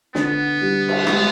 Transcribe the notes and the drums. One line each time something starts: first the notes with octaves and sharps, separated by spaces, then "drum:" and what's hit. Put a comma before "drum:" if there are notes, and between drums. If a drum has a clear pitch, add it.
D3 B3, drum: snare
G3
drum: cymbal
G#3, drum: rim click